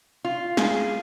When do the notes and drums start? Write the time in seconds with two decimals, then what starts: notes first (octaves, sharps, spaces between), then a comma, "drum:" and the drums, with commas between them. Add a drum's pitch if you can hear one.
0.24 F4
0.57 G#4, drum: snare